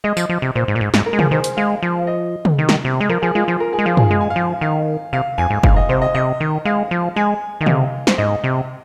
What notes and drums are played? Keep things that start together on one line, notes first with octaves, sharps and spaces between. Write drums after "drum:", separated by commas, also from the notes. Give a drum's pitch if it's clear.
G#3 D#5
F3, drum: tambourine
F3
C3
A#2 C5
G#2
A#2
G#2
G#2, drum: snare
A#4
G#3
F3 G#4, drum: tom
D#3 C5
C5, drum: hi-hat
G#3 F5
F3
D#5
drum: tom
D#3
drum: snare
C3
G#3
F3 A#4
F3 G#4
G#3 F4
F3 F4
A#4
G#4
G#3
F3 F4
G#4, drum: tom
G#3 F5
G#5
F5
F3
D#3 F5
C3 F5
F2 G#5
G#2
G#2 F5, drum: kick
D#5
C3 C5
D#5
C3 D#5
D#3
G#3 F5
F3
G#3 G#5
D#3 D#5
C3 F5, drum: tom
C5, drum: snare
G#2 D#5
C3